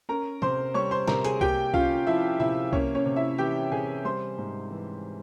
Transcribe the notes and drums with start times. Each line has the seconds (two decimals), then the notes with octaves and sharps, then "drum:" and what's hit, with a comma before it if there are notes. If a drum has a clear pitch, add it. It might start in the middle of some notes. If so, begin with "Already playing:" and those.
0.09 C#4 A#4 A#5
0.42 C3 C5 C6, drum: tom
0.74 G3 C#5 C#6
0.91 C5 C6
1.08 C3 A#4 A#5, drum: snare
1.24 G#4 G#5, drum: hi-hat
1.41 A#3 G4 G5, drum: kick C2
1.74 C#4 F4 F5, drum: kick C2
2.07 F3 E4 E5
2.40 C3 E4 E5
2.73 A#3 C#4 C#5, drum: kick C2
2.95 C#4 C#5
3.06 C3
3.16 E4 E5
3.38 E3 G4 G5
3.71 C3 G#4 G#5
4.05 G3 C5 C6
4.38 G#2
4.71 E3